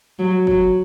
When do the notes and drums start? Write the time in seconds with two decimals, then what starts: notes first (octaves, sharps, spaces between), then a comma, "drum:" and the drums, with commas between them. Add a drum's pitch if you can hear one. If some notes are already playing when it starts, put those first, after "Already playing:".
0.19 F#3
0.47 F#3, drum: kick